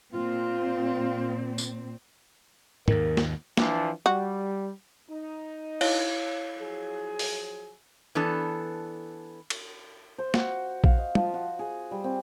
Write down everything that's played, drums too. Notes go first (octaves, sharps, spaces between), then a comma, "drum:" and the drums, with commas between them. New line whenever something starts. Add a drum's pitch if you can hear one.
A#2 C4 F4
drum: tambourine
D#2 G#2 D#3 A#4, drum: tom
drum: snare
E3 F3 D4, drum: snare
G3 F#4
D#4
E4 C#5 F5, drum: cymbal
F3 F#3 G#4
drum: open hi-hat
E3 B3 D4 A4
drum: cymbal
C5
F#4, drum: snare
F5, drum: kick A#1
D#5
F3, drum: tom
F#4
G#4
G3
C4